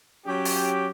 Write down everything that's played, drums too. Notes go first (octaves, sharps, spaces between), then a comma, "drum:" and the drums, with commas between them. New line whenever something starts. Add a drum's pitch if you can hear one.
F#3 C#4 G4
drum: open hi-hat